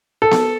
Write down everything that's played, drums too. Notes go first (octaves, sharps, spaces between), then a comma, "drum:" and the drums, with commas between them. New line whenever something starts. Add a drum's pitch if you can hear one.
A4
drum: snare B3